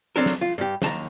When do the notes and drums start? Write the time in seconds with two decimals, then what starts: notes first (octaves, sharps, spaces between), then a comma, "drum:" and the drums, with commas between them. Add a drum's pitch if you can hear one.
0.16 F#3 C4 D4 A4 A#4
0.26 drum: snare
0.41 F4
0.58 G2 G4
0.82 D#2 A5 A#5, drum: snare